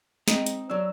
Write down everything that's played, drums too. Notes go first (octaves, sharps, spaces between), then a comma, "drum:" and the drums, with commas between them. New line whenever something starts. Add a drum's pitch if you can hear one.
G#3 C4 D#4 D#5, drum: snare
drum: hi-hat
F#3 D4 E6